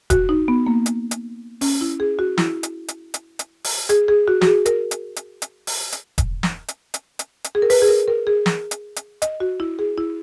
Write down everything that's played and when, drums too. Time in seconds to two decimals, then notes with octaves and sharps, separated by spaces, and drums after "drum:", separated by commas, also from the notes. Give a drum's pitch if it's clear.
0.10 F#4, drum: kick E1, hi-hat
0.29 D#4
0.48 B3
0.67 A#3
0.86 drum: hi-hat
1.11 drum: hi-hat
1.61 C#4, drum: open hi-hat
1.81 E4
2.00 G#4
2.19 F#4
2.38 E4, drum: snare
2.63 drum: hi-hat
2.88 drum: hi-hat
3.14 drum: hi-hat
3.39 drum: hi-hat
3.64 drum: open hi-hat
3.89 G#4, drum: hi-hat
4.08 G#4
4.28 F#4
4.41 F#4, drum: snare
4.47 G#4
4.66 A#4, drum: hi-hat
4.91 drum: hi-hat
5.16 drum: hi-hat
5.42 drum: hi-hat
5.67 drum: open hi-hat
5.92 drum: hi-hat
6.18 drum: kick E1, hi-hat
6.43 drum: snare
6.68 drum: hi-hat
6.94 drum: hi-hat
7.19 drum: hi-hat
7.44 drum: hi-hat
7.55 G#4
7.62 A#4
7.70 B4, drum: open hi-hat
7.82 G#4
7.88 A#4
8.08 A#4
8.27 G#4
8.46 drum: snare
8.71 drum: hi-hat
8.96 drum: hi-hat
9.22 D#5, drum: hi-hat
9.40 F#4
9.60 E4
9.79 G#4
9.98 E4